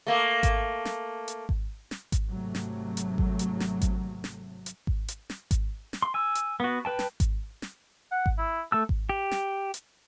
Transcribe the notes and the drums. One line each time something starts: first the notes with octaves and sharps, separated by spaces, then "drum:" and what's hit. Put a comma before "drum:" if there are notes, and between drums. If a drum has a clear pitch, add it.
A3 A#3
drum: kick G#1, hi-hat
drum: snare
drum: hi-hat
drum: kick G#1
drum: snare
drum: kick G#1, hi-hat
G#1 C3 F#3 A3
drum: snare
drum: hi-hat
drum: kick G#1
drum: hi-hat
drum: snare
drum: kick G#1, hi-hat
drum: snare
drum: hi-hat
drum: kick G#1
drum: hi-hat
drum: snare
drum: kick G#1, hi-hat
drum: snare
C6
G#5 E6
drum: hi-hat
B3 F#4
B4 G5 A5
drum: snare
drum: kick G#1, hi-hat
drum: snare
F#5
drum: kick G#1
E4
A3 A4 A5 E6
drum: kick G#1
G4
drum: snare
drum: hi-hat